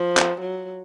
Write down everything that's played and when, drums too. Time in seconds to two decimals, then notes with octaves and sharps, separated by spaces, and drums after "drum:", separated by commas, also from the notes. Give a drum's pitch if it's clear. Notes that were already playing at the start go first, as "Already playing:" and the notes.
Already playing: F3
0.17 drum: clap
0.41 F#3